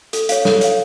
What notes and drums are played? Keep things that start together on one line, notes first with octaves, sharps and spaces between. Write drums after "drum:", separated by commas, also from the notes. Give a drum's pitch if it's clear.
A4, drum: hi-hat
C#5 F5, drum: hi-hat
A4, drum: snare
C#5 F5, drum: hi-hat